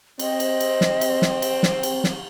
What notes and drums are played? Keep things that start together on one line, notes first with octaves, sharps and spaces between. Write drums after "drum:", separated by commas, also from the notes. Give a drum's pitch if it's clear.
C4 D#5, drum: cymbal
drum: cymbal
drum: cymbal
drum: snare
drum: cymbal
drum: snare
drum: cymbal
drum: snare
drum: cymbal
drum: snare